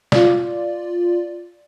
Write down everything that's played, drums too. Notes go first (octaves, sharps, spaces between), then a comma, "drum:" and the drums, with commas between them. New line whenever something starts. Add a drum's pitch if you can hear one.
F4 D5, drum: snare